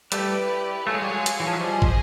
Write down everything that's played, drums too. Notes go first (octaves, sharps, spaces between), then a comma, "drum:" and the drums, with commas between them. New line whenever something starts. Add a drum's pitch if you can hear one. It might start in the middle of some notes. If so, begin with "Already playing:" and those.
G3 A3 E4 G4 B4 D5, drum: hi-hat
A3 G#4 C#5 F5 G#5
G#3
G3
F#3 G#3
drum: hi-hat
E3
F3
F#3
F3 G3 G#4 C5 D#5 G#5
drum: kick